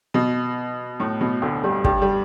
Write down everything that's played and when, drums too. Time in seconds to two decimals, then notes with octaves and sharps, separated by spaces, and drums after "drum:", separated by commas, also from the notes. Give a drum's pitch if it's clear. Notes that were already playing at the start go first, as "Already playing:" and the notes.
0.14 B2
1.00 A2
1.21 B2
1.42 D2 D3
1.63 G2 G3
1.84 G2 G3, drum: kick
2.01 G3